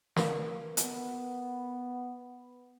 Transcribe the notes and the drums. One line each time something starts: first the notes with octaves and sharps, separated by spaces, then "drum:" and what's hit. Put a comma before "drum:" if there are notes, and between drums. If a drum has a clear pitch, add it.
A#4 B4 F5, drum: snare
B3, drum: hi-hat